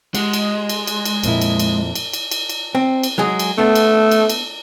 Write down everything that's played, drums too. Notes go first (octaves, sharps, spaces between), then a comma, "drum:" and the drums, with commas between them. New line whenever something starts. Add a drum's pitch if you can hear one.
G#3 G4 F#5, drum: cymbal
drum: cymbal
drum: cymbal
drum: cymbal
drum: cymbal
F2 A#2 E4, drum: cymbal
drum: cymbal
drum: cymbal
drum: cymbal
drum: cymbal
drum: cymbal
drum: cymbal
C4
drum: cymbal
F#3 G#3 G#4
drum: cymbal
A3 B3 D4
drum: cymbal
drum: cymbal
drum: cymbal